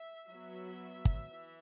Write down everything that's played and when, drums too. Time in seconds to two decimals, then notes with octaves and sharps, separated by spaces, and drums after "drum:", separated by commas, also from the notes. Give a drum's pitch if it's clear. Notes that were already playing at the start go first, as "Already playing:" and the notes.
Already playing: E5
0.30 F#3 B3 E5
1.05 drum: kick
1.31 E3